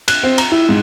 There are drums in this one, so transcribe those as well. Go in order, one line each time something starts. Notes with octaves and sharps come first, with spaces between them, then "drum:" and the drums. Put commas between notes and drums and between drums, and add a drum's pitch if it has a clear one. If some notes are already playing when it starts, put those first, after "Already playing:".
F#6, drum: cymbal
C4
A#5, drum: cymbal
E4
G#2